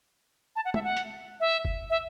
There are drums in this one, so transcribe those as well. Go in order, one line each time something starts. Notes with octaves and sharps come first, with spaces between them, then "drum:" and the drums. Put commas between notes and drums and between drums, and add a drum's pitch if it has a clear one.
A5
F#5
E5, drum: tom
F#5
drum: hi-hat
E5
drum: kick F#1
E5